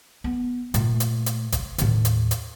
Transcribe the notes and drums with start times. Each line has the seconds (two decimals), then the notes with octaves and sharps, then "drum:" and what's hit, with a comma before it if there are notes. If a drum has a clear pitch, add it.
0.24 B3
0.74 A#2 A3, drum: hi-hat
1.00 drum: hi-hat
1.26 drum: hi-hat
1.52 drum: kick G1, hi-hat
1.78 D#2 A2, drum: hi-hat
2.05 drum: hi-hat
2.31 drum: hi-hat